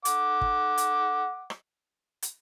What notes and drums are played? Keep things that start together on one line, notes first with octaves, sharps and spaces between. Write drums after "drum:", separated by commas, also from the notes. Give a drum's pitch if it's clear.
F#5 D6, drum: hi-hat
drum: kick
drum: hi-hat
drum: rim click
drum: hi-hat